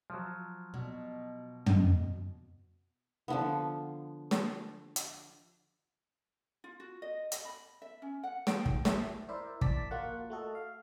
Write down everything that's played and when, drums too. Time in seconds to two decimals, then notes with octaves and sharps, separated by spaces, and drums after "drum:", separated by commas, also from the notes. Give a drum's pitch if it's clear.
0.10 F3 F#3
0.74 B2
1.66 drum: tom
3.28 D3 F3 B3
4.31 drum: snare
4.96 drum: hi-hat
6.64 F4
6.80 F#4
7.02 D#5
7.32 D#5, drum: hi-hat
7.45 B5
7.82 E5
8.02 C#4
8.23 F#5
8.47 G5, drum: snare
8.66 D#4, drum: kick
8.85 E5, drum: snare
9.29 E4 A#4 C5 D5 E5
9.61 A#1 D5 A5 B6, drum: kick
9.91 A#3 F4 F#4 F#5
10.30 A3 F#4 A4 D#5
10.55 F5